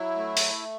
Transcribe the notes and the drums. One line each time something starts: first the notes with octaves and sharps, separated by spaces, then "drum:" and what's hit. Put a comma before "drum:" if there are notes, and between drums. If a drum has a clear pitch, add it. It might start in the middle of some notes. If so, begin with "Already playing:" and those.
Already playing: F#3 E4
A3
drum: open hi-hat